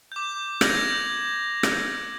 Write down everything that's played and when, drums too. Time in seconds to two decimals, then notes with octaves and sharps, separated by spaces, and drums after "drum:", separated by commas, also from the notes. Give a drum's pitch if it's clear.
0.12 D6 G6
0.61 G6 G#6 A#6 F7 F#7, drum: rim click
1.63 drum: rim click